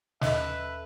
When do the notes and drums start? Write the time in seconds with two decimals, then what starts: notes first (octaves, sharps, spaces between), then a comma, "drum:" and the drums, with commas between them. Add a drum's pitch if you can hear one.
0.21 D#2 A4 B4 E5, drum: snare